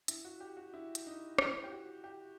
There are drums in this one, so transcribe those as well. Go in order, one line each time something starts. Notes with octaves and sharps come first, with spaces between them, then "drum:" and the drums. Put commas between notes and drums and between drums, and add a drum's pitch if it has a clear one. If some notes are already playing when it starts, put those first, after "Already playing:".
E4, drum: hi-hat
F#4
G4
F#4
E4
drum: hi-hat
D#4
E4, drum: rim click
G4
F#4
G4